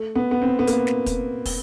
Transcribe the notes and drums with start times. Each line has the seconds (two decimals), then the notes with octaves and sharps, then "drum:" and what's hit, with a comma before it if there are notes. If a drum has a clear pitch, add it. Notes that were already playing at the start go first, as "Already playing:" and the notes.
Already playing: A3
0.15 B3
0.31 B3
0.42 C4
0.59 B3
0.67 A#3, drum: hi-hat
0.87 drum: snare
1.06 drum: kick, hi-hat
1.45 drum: kick, open hi-hat